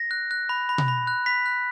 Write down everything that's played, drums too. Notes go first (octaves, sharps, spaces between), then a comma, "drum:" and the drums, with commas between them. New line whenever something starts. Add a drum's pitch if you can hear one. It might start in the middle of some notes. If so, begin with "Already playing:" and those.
Already playing: A#6
F#6
F#6
B5
B5
drum: tom B2
B5
F#6
B5 B6
F#6